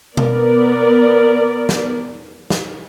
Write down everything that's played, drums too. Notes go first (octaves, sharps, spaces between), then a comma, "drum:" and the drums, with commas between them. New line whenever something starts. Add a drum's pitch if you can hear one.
B3 A#4 D5, drum: tom B2
drum: snare
drum: snare